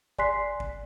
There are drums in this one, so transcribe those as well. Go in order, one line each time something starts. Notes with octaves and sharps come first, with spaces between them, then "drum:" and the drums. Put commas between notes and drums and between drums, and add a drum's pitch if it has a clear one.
D5 G#5 C6 F#6 B6 C7, drum: kick G1
drum: kick G1